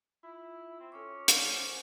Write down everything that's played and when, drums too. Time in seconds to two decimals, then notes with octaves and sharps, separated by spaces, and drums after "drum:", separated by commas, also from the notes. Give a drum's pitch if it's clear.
0.23 E4 F4
0.80 C4
0.92 C#4 A4 C#5 D6
1.28 drum: hi-hat
1.51 C5 F#5 G#5